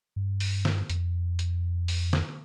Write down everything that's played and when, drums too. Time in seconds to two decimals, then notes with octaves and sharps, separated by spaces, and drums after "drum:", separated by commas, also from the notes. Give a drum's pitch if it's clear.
0.16 G2
0.40 drum: open hi-hat
0.65 drum: snare
0.90 F2, drum: hi-hat
1.39 drum: hi-hat
1.88 drum: open hi-hat
2.13 drum: snare